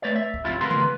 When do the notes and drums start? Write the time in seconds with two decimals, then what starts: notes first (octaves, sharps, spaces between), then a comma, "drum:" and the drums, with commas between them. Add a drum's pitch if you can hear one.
0.02 A3 B4 C#5 D5
0.16 E5
0.34 drum: kick
0.44 G#2 C3 F3 C#4 E4 F4
0.61 D2 C#3 B3 A#4 C6
0.71 drum: tom C#3
0.80 B4